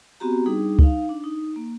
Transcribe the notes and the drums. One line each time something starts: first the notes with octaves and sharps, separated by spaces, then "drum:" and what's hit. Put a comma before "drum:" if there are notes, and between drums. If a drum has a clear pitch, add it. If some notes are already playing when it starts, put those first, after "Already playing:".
B3 C4 F#4 G4 A#5
G3 D4 D#4 G#4
D#4 F5, drum: kick
D4
D#4
A#3